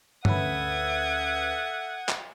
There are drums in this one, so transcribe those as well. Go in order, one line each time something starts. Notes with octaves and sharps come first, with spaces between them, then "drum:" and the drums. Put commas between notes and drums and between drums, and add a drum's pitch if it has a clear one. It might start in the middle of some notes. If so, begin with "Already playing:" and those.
D2 C#4 A4 B4 E5 F#5 D#6 G#6, drum: tom G2
drum: clap